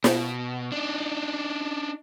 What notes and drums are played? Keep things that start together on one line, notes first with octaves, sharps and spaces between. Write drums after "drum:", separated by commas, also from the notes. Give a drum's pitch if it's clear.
B2, drum: snare
D4 D#4